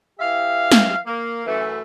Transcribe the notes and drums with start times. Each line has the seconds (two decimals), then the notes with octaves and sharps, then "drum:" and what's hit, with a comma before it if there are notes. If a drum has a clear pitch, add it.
0.19 E3 G4 E5 F5
0.72 drum: snare
1.06 A#3
1.46 F#2 E3 A3